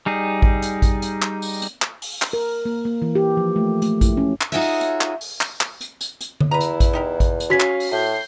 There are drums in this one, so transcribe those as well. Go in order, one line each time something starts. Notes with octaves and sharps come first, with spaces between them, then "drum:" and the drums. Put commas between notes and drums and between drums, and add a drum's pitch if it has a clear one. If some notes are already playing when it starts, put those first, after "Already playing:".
G3 D#4 G#4
drum: kick A1
drum: hi-hat
drum: kick A1, hi-hat
drum: hi-hat
drum: clap
drum: open hi-hat
drum: hi-hat
drum: clap
drum: open hi-hat
drum: clap
A#4
A#3
A#3
E3
G4
F3
A3
A3, drum: hi-hat
E4, drum: kick A1, hi-hat
C#4
drum: clap
D#4 F4 F#4 G#4 C#5 E5
drum: open hi-hat
drum: hi-hat
drum: clap
drum: open hi-hat
drum: clap
drum: clap
drum: hi-hat
drum: hi-hat
drum: hi-hat
drum: tom D3
E2 E4 B4 A#5
drum: hi-hat
drum: kick A1, hi-hat
D#4 G4 A#4
drum: kick A1, hi-hat
drum: hi-hat
C#4 F#4 G#4 C#5 F5 B6
drum: clap
drum: open hi-hat
A2 G6 C7